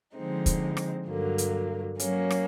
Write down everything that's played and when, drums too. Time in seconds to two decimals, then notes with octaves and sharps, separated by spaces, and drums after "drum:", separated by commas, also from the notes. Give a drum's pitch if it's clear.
0.15 D3 F3 G#3 C4 D#4
0.46 drum: kick, hi-hat
0.77 drum: rim click
1.07 G2 D3 F#3 A#3
1.38 drum: hi-hat
1.99 F#3 A#3 C#4, drum: hi-hat
2.31 drum: rim click